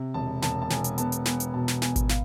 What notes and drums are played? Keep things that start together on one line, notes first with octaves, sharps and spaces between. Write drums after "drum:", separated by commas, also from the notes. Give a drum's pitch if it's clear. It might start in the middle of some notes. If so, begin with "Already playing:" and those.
Already playing: C3
E1 A5
E1 A5, drum: snare
A5
E1 G#5, drum: snare
drum: hi-hat
B3 A5, drum: hi-hat
drum: hi-hat
B3 G#5, drum: snare
drum: hi-hat
B2 A5
drum: snare
B3 G#5, drum: snare
drum: kick G#1, hi-hat
F5, drum: snare